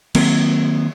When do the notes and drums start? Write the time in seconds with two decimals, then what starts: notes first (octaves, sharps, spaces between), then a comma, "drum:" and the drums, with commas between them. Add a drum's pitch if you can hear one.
0.15 D#3 F#3 A#3 C4, drum: cymbal